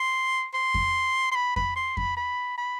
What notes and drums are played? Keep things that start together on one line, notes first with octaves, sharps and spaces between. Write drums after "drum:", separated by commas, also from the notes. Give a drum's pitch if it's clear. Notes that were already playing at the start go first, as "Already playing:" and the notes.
Already playing: C6
C6
drum: kick F2
C6
B5
B5, drum: kick F2
C6
B5, drum: kick F2
B5
B5